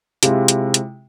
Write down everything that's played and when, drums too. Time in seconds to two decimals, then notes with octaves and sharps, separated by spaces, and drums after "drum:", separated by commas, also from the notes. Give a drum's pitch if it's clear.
0.23 C3 G#3 E4 F4 G4, drum: hi-hat
0.48 drum: hi-hat
0.74 drum: hi-hat